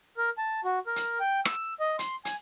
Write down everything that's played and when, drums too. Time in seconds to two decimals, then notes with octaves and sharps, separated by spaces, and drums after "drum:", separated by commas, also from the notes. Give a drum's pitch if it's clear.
0.17 A#4
0.38 A5
0.64 F#4
0.87 A#4
0.96 drum: hi-hat
1.20 G5
1.45 E6, drum: rim click
1.80 D#5
1.99 C6, drum: hi-hat
2.25 G#5, drum: hi-hat